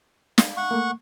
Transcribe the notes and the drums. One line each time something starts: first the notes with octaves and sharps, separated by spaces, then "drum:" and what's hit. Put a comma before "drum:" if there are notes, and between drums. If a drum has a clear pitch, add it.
F5, drum: snare
F#5 C#6
A3 A#3